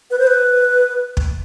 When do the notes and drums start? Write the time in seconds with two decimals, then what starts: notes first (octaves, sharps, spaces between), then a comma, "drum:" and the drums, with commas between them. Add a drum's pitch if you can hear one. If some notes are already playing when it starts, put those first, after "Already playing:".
0.11 B4
0.19 C5
0.27 B4
1.17 drum: kick